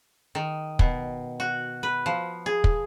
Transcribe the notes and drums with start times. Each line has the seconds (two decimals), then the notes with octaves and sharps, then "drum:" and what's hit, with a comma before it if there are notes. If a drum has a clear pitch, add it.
0.35 D#3
0.79 B2, drum: kick
1.40 F#4
1.83 B4
2.06 F3
2.46 G#4
2.64 drum: kick